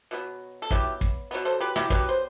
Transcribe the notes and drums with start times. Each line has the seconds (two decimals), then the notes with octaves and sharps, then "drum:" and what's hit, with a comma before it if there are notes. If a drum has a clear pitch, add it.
0.11 B2 F#3 B3
0.62 A4
0.71 B2 F#3 B3 E4 G4, drum: kick
1.01 drum: kick
1.31 B2 F#3 B3
1.45 A4 C5
1.60 G4 B4
1.76 E4 G4, drum: rim click
1.90 B2 F#3 B3 G4 B4, drum: kick
2.09 C5